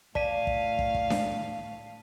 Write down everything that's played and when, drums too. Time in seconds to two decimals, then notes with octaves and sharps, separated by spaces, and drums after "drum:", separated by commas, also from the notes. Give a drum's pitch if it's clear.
0.15 A2 D5 F5 A5 B6 D#7, drum: kick
0.47 drum: kick
0.79 drum: kick
0.94 drum: kick
1.10 drum: snare D4